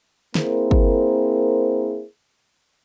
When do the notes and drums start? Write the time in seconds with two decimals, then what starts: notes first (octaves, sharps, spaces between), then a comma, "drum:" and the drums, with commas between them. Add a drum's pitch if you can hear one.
0.35 A#3 C4 E4 G#4 A#4 C5, drum: snare
0.71 drum: kick